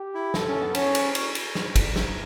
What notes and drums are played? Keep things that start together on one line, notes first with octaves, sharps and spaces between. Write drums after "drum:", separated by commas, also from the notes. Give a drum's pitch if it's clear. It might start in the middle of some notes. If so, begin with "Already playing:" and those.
Already playing: G4
E4
A4, drum: snare
C#4
B3
C#4 C#5, drum: cymbal
drum: cymbal
drum: cymbal
drum: cymbal
drum: snare
drum: kick, cymbal
drum: snare